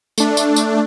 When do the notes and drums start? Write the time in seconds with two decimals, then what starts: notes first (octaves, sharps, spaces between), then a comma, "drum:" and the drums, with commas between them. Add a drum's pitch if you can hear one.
0.18 A3 D4, drum: tambourine
0.37 drum: tambourine
0.56 drum: tambourine